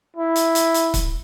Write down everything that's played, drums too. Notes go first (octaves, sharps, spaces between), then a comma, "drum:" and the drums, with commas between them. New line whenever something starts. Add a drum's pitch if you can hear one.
E4
drum: hi-hat
drum: hi-hat
drum: hi-hat
drum: kick, hi-hat